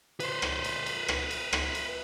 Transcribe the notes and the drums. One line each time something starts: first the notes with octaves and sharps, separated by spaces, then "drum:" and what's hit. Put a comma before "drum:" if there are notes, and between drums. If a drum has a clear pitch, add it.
B4 C5, drum: cymbal
drum: rim click
drum: cymbal
drum: cymbal
drum: rim click
drum: cymbal
drum: rim click
drum: cymbal